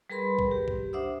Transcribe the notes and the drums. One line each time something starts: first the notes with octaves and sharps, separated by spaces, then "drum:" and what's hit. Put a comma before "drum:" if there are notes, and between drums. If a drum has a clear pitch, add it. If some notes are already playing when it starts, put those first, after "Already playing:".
G3 G#4 A#4 B4 B5 C6
drum: kick
G4
drum: kick
D4 C5 E5 F#5 D#6 E6